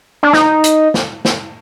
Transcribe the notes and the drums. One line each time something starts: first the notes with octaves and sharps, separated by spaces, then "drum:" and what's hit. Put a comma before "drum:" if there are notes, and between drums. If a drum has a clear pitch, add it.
D4
D#4, drum: snare
drum: hi-hat
drum: snare
drum: snare